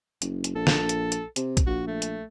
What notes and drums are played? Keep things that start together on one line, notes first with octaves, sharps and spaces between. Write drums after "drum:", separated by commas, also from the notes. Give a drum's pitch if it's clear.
F#1, drum: hi-hat
drum: hi-hat
A#1 A4
drum: snare
drum: hi-hat
drum: hi-hat
C3, drum: hi-hat
drum: kick, hi-hat
A#1 F#4
A3
drum: hi-hat